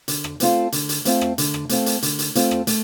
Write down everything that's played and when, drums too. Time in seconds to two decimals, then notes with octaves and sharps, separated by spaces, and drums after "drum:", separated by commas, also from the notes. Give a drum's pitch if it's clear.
0.08 D3, drum: hi-hat
0.24 drum: rim click
0.40 A3 C4 F4 A4, drum: hi-hat
0.72 D3, drum: hi-hat
0.89 drum: hi-hat
1.05 A3 C4 F4 A4, drum: hi-hat
1.21 drum: rim click
1.38 D3, drum: hi-hat
1.54 drum: rim click
1.69 A3 C4 F4 A4, drum: hi-hat
1.86 drum: hi-hat
2.02 D3, drum: hi-hat
2.19 drum: hi-hat
2.35 A3 C4 F4 A4, drum: hi-hat
2.51 drum: rim click
2.67 A3, drum: hi-hat